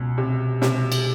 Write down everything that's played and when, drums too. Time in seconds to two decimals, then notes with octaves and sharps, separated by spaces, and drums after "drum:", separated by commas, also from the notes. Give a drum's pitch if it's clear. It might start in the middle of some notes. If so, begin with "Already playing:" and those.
Already playing: C#2 B2
0.18 C3
0.62 C3, drum: snare
0.92 drum: cymbal